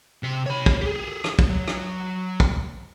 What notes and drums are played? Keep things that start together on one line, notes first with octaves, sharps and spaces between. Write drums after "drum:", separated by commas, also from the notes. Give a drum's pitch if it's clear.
C3 C6
C#5 B5
drum: kick
G4 G#4
drum: rim click
drum: kick
F#3
drum: rim click
drum: kick